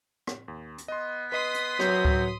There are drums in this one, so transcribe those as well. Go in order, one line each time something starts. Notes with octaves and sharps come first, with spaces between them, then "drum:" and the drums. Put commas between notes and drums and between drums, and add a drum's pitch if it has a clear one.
drum: rim click
D#2
drum: hi-hat
B3 D#5 C6
B4 D#5 C6 D#6 B6
drum: hi-hat
F#3 C4 B4 C#5, drum: rim click
drum: kick C#2